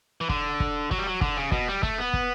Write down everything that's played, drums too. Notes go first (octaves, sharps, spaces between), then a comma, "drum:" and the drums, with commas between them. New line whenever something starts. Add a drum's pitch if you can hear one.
E3
D3, drum: kick
drum: kick
F#3, drum: kick
G3
F#3
D3, drum: kick
C#3
B2, drum: kick
G3
A3, drum: kick
B3
drum: kick